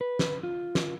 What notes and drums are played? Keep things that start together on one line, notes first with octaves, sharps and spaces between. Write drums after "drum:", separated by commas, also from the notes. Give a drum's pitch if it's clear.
B4
drum: snare
F4
drum: snare